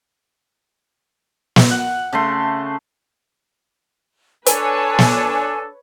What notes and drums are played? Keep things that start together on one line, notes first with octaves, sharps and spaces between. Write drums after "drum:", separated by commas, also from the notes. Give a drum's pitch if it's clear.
drum: snare
F#5
C#3 A3 C6
D4 A4 B4 C#5 G#5, drum: hi-hat
drum: snare